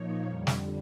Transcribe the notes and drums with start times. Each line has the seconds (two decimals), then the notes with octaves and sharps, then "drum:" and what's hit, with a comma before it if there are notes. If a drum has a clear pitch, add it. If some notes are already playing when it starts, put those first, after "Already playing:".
Already playing: A#2 F3 A#3 D#4 C#5
0.27 F2 D3 G3
0.47 drum: snare